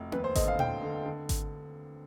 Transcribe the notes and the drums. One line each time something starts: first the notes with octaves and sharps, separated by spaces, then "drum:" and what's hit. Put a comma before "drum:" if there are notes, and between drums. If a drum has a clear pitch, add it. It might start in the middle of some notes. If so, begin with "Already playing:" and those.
Already playing: F1
D#2 B4, drum: tom C4
C5
D3 D#5, drum: kick G#1, hi-hat
F5
D3 G5, drum: tom A#2
D3
D3
drum: kick G#1, hi-hat